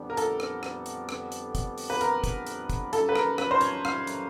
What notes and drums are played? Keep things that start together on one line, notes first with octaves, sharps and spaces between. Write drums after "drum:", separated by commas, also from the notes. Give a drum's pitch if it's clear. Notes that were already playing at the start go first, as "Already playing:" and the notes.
Already playing: F2 D3 G3 B3 D4
A#4
A4, drum: hi-hat
drum: rim click
drum: rim click
drum: hi-hat
drum: rim click
drum: hi-hat
drum: kick, hi-hat
drum: open hi-hat
B4
A#4, drum: hi-hat
drum: kick, hi-hat
drum: hi-hat
drum: kick, hi-hat
F#2 D#3 G3 A#3 D#4 A4, drum: hi-hat
B4
A#4, drum: rim click
B4, drum: rim click
C5
C#5, drum: hi-hat
F5, drum: rim click
drum: hi-hat